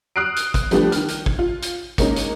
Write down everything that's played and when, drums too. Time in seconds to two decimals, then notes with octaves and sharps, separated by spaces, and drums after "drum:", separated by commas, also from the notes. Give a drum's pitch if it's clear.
0.16 D#6 F6 F#6 C7 D7
0.36 drum: hi-hat
0.54 drum: kick, hi-hat
0.71 F3 G3 A3 B3 D4 G4, drum: hi-hat
0.92 D#3 F6, drum: hi-hat
1.08 drum: hi-hat
1.26 drum: kick
1.39 F4
1.62 drum: hi-hat
1.98 G#3 A#3 C#4 D#4, drum: kick, hi-hat
2.16 drum: hi-hat